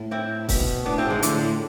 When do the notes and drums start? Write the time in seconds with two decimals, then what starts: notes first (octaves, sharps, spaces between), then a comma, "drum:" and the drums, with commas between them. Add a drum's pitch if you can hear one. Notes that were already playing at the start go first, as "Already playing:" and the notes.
Already playing: A2
0.11 C4 E4
0.49 B2, drum: kick, open hi-hat
0.86 A2 B3 D4
0.98 C4 E4
1.04 G#2
1.10 E3 G#3
1.22 A2 D3 F3, drum: hi-hat
1.41 A2